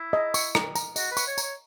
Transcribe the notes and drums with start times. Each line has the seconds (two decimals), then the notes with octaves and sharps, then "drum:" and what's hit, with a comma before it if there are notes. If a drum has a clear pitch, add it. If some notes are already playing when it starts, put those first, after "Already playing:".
Already playing: E4
0.13 D#5
0.34 C#6, drum: tambourine
0.55 A#5, drum: rim click
0.75 A#5, drum: tambourine
0.96 F#4 D#5, drum: tambourine
1.11 B4
1.17 C#6, drum: tambourine
1.27 C#5
1.38 C#5 A#5, drum: tambourine